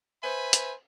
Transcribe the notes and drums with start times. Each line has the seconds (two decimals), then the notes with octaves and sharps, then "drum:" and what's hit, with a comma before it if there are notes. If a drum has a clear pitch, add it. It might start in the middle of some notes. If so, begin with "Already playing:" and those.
0.23 B4 C5 E5 G#5 B5
0.53 drum: hi-hat